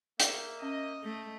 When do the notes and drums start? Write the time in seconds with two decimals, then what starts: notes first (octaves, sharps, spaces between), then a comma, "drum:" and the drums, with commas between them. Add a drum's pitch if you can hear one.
0.20 A#3 E5 G6, drum: hi-hat
0.62 C#4 D#5
1.04 A3 G6